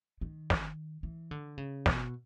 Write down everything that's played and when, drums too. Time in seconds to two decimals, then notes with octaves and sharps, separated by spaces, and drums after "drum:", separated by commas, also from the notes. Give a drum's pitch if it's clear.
0.21 D#3
0.50 drum: snare
1.03 E3
1.31 D3
1.58 C#3
1.86 B2, drum: snare